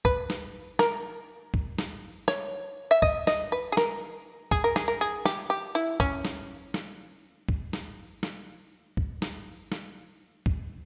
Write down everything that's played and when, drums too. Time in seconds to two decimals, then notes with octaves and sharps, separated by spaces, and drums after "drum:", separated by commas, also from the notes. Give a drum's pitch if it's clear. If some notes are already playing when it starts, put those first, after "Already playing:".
0.05 B4, drum: kick
0.30 drum: snare
0.79 A#4, drum: snare
1.54 drum: kick
1.79 drum: snare
2.28 C#5, drum: snare
2.91 E5
3.02 D#5, drum: kick
3.27 D#5, drum: snare
3.52 B4
3.72 G#4
3.77 A#4, drum: snare
4.51 G#4, drum: kick
4.64 A#4
4.76 G#4, drum: snare
4.88 A#4
5.01 G#4
5.25 G4, drum: snare
5.50 G4
5.75 E4
6.00 C#4, drum: kick
6.25 drum: snare
6.74 drum: snare
7.49 drum: kick
7.73 drum: snare
8.23 drum: snare
8.97 drum: kick
9.22 drum: snare
9.72 drum: snare
10.46 drum: kick